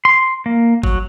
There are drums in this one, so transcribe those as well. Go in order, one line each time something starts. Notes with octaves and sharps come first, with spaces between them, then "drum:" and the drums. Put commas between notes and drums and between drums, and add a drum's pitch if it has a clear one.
C6
A#3
F#3, drum: kick G1